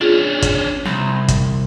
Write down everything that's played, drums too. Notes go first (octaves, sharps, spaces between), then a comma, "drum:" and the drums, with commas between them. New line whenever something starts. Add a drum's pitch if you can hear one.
C#4 D4 F4 G#4
drum: kick, hi-hat
C2, drum: snare
drum: kick, hi-hat